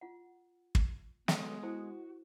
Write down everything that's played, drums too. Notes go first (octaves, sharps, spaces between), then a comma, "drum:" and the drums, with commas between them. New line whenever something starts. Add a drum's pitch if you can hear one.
F4 F#5
drum: kick
F#3 G#3 B3 A4 B4, drum: snare
E4 F#4 A4 C5